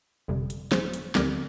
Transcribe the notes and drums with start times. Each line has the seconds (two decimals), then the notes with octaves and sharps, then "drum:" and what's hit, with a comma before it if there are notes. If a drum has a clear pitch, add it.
0.28 G1 F2 C3 G3
0.50 drum: hi-hat
0.72 G#4 C5, drum: snare
0.93 drum: hi-hat
1.15 D2 D3 G3 C4 G4 A#4, drum: snare